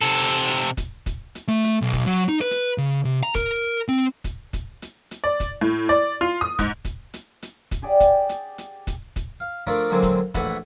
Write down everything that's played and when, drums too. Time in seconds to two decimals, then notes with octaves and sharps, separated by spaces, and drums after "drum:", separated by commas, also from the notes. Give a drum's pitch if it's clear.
0.01 C3 A4
0.48 drum: hi-hat
0.77 drum: kick, hi-hat
1.06 drum: kick, hi-hat
1.35 drum: hi-hat
1.49 A3
1.64 drum: hi-hat
1.82 B1
1.93 drum: kick, hi-hat
2.06 F#3
2.29 D#4
2.41 B4
2.51 drum: hi-hat
2.78 C#3
3.05 C3
3.23 A#5
3.35 A#4, drum: kick, hi-hat
3.89 C4
4.24 drum: kick, hi-hat
4.53 drum: kick, hi-hat
4.82 drum: hi-hat
5.11 drum: hi-hat
5.24 D5
5.40 drum: kick, hi-hat
5.61 A2
5.89 D5
6.21 F4
6.41 D#6
6.59 G#2, drum: kick, hi-hat
6.85 drum: kick, hi-hat
7.14 drum: hi-hat
7.42 drum: hi-hat
7.71 drum: kick, hi-hat
7.82 G4 G#4 D5 F#5
8.00 drum: kick, hi-hat
8.29 drum: hi-hat
8.58 drum: hi-hat
8.87 drum: kick, hi-hat
9.16 drum: kick, hi-hat
9.40 F5
9.67 F3 A3 D4 F4 A#4 D5
9.90 D3 F#3 G#3 A#3 C4
10.03 drum: kick, hi-hat
10.34 A#1 A2 E3 A3 F#5 B5, drum: kick, hi-hat